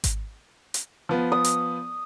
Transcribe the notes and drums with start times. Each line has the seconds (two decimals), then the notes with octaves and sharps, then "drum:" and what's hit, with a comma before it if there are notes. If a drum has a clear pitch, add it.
0.04 drum: kick G#1, hi-hat
0.74 drum: hi-hat
1.09 F3 B3
1.32 D#6
1.44 drum: hi-hat